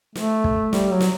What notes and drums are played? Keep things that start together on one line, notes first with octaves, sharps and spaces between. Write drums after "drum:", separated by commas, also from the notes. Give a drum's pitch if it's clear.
A3, drum: snare
drum: kick
G3, drum: snare
F#3
drum: snare